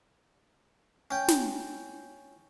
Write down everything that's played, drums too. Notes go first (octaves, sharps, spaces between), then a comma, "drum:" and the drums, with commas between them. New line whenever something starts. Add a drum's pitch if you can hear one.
C#4 G5
drum: snare